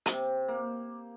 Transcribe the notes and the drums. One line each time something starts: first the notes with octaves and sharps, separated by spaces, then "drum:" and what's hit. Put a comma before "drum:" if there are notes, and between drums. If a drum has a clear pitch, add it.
C3, drum: hi-hat
A#3